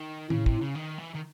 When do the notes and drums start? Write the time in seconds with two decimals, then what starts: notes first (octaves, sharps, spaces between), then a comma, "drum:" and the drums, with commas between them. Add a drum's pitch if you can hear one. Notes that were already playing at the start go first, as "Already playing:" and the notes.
Already playing: D#3
0.30 A2 C#3, drum: tom D#3
0.46 C3, drum: kick
0.61 C#3
0.75 D#3
0.98 E3
1.14 D#3